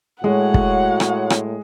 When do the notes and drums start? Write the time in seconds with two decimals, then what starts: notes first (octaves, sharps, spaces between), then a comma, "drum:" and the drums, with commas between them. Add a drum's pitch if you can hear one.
0.24 A2 G#3 F#4 C#5 F#5
0.54 drum: kick
1.00 drum: rim click
1.30 drum: rim click